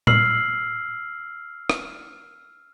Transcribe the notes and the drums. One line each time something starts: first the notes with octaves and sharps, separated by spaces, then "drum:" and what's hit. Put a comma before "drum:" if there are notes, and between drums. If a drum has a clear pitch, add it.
E6 F6 C7 F#7, drum: tom
drum: rim click